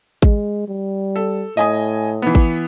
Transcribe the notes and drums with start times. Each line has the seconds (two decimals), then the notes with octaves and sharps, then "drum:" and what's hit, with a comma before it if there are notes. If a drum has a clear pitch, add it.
0.22 G#3, drum: kick G#1
0.68 G3
1.16 A4
1.57 A2 D#5 G#5 D#6
2.22 E3 B3
2.35 drum: kick G#1